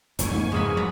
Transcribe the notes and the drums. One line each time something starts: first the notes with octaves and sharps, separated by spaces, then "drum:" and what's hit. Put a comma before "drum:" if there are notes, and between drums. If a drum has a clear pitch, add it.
F#1 F2 G#2 E3 G#5 C#6, drum: hi-hat
G#2 C#3 A#3
G#2 G#3 A#3 B4
F#3 B4 A#5